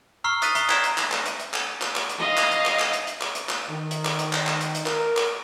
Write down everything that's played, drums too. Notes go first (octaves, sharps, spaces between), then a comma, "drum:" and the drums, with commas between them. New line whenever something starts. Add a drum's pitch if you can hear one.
A#5 C#6 E6 F6 C7 G7
D#6 F#6 A6 B6 D#7 F7, drum: hi-hat
A#5 D#6 C7 G7, drum: hi-hat
A#5 G#6 B6 D7 E7, drum: clap
drum: hi-hat
drum: clap
drum: clap
drum: hi-hat
drum: hi-hat
drum: clap
drum: clap
drum: clap
drum: hi-hat
D#5 F5
drum: clap
drum: hi-hat
drum: clap
drum: clap
drum: hi-hat
drum: hi-hat
drum: clap
drum: hi-hat
drum: clap
D#3
drum: hi-hat
drum: clap
drum: hi-hat
drum: clap
drum: clap
drum: hi-hat
drum: hi-hat
A#4, drum: clap
drum: clap